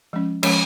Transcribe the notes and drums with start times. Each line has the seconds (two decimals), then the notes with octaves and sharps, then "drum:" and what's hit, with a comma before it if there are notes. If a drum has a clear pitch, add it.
0.13 F3 G#3 C#4
0.43 F3 G#3 C#4 C#5, drum: cymbal